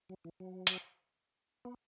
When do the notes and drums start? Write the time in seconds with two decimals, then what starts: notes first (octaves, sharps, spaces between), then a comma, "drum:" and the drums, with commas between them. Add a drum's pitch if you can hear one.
0.09 F#3
0.25 E3
0.40 F#3
0.67 drum: hi-hat
1.65 B3